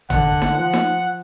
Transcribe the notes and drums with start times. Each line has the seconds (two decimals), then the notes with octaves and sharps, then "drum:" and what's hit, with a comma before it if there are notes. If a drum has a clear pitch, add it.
0.10 D3 F#5, drum: tom G#1
0.42 drum: snare D#4
0.57 F3 F#5
0.73 drum: snare D#4